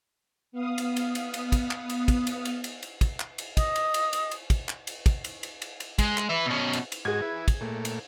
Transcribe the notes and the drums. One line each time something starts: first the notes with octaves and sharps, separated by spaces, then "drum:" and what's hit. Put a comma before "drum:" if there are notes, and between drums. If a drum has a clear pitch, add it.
B3 F5 D#6
drum: cymbal
drum: cymbal
drum: cymbal
drum: cymbal
drum: kick, cymbal
drum: clap
drum: cymbal
drum: kick, cymbal
drum: cymbal
drum: cymbal
drum: cymbal
drum: cymbal
drum: kick, cymbal
drum: clap
drum: cymbal
D#5 D#6, drum: kick, cymbal
drum: cymbal
drum: cymbal
drum: cymbal
drum: cymbal
drum: kick, cymbal
drum: clap
drum: cymbal
drum: kick, cymbal
drum: cymbal
drum: cymbal
drum: cymbal
drum: cymbal
G#3, drum: kick, cymbal
drum: clap
B4 E5
B2 C#4
drum: cymbal
drum: cymbal
G#2 F#4 G#4 D#5 G#6
E4 B4
drum: kick, cymbal
A#2 A3
drum: cymbal